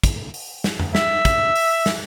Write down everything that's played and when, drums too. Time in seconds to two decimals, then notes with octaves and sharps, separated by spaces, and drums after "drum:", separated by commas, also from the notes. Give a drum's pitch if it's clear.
0.03 drum: kick, hi-hat
0.34 drum: open hi-hat
0.64 drum: snare
0.79 drum: tom F2
0.95 E5, drum: snare
1.25 drum: kick, hi-hat
1.55 drum: open hi-hat
1.86 drum: snare